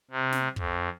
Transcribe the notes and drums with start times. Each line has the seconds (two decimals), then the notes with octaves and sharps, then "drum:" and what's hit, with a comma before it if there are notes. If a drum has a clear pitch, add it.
0.11 C3
0.32 drum: snare
0.56 F2, drum: kick